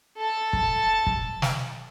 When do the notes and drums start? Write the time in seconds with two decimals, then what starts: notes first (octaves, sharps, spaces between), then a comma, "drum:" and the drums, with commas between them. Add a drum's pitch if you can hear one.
0.18 A4 A5
0.53 drum: kick
1.07 drum: kick
1.42 drum: snare